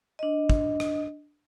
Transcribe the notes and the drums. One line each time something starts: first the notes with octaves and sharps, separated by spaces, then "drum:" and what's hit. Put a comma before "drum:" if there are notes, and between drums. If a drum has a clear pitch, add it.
D4 D#5
drum: kick
drum: rim click